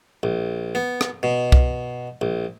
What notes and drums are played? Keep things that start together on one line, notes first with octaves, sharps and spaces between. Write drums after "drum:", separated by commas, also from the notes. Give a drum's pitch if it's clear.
A#1
B3
drum: rim click
B2
drum: kick C2
A#1